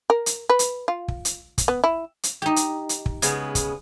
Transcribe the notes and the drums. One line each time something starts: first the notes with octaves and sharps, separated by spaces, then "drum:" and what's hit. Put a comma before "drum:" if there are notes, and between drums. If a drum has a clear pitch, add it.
A#4
drum: hi-hat
B4
drum: hi-hat
F4
drum: kick
drum: hi-hat
drum: kick, hi-hat
B3
E4
drum: hi-hat
D#4 G4
drum: hi-hat
drum: hi-hat
drum: kick
C#3 G#3 B3, drum: hi-hat
drum: kick, hi-hat